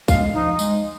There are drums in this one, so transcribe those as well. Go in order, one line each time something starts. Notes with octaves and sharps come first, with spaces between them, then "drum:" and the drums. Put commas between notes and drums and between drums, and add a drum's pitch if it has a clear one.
G#3 F5, drum: kick, tambourine
F3 D#4
G#3, drum: tambourine